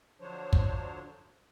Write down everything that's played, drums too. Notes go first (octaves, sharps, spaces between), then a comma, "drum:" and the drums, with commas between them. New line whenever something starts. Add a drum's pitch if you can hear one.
D3 F3 F#3 D4 C5 C#5
drum: kick